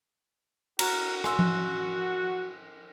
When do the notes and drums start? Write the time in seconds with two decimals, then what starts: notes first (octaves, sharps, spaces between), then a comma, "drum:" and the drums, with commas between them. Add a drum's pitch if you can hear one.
0.79 F#4 A#5, drum: cymbal
1.24 G#5 C6 E6, drum: rim click
1.39 drum: tom F3